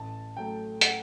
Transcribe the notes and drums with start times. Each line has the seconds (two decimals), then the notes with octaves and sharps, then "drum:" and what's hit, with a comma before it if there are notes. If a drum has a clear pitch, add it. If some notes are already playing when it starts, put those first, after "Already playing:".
Already playing: A1 A5
0.37 A2 F#3 A3 G5
0.81 F#5, drum: hi-hat